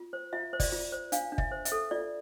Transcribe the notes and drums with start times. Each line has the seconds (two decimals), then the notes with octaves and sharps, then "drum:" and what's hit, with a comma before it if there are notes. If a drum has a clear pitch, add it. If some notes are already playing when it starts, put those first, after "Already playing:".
Already playing: F4
0.13 C5
0.33 F4 E5
0.53 C5
0.60 D5, drum: kick, open hi-hat
0.72 F4
0.92 C5
1.12 D4 F5, drum: hi-hat
1.32 D4
1.38 E5, drum: kick
1.51 C5
1.65 E5, drum: hi-hat
1.72 A4
1.91 F4 D5